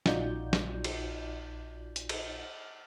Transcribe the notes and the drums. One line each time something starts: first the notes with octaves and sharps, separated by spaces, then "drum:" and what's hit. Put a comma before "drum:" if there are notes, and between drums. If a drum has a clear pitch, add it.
A#1 D#4 F4 F#4 D5 G6, drum: snare
drum: snare
drum: cymbal
drum: hi-hat
drum: cymbal